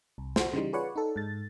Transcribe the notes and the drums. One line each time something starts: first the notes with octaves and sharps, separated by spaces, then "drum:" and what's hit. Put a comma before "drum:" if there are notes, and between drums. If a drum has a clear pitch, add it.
C2
F#4 C5, drum: snare
C#3 E3 G3 D#4
F4 G#4 B4 C#5 D5 F#5
D#4 A4
G#2 A6